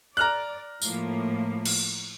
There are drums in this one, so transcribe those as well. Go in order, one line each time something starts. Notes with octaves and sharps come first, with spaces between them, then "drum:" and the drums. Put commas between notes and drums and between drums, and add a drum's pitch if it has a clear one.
D5 A#5 F6 F#6
A2 F3 A#3, drum: tambourine
drum: cymbal